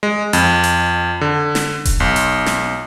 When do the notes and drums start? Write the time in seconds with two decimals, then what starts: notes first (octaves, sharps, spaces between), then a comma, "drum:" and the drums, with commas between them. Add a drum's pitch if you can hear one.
0.03 G#3
0.33 F2, drum: hi-hat
0.64 drum: hi-hat
1.21 D3
1.55 drum: snare
1.85 drum: kick D#1, hi-hat
2.00 B1
2.16 drum: hi-hat
2.46 drum: snare